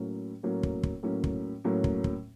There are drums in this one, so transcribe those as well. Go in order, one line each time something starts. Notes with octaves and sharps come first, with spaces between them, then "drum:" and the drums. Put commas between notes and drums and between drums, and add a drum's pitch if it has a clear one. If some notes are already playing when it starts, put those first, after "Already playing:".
Already playing: A2 F#3 A#3 C#4
A2 F#3 A#3 C#4
drum: kick
drum: kick
A2 F#3 A#3 C#4
drum: kick
A2 F#3 A#3 C#4
drum: kick
drum: kick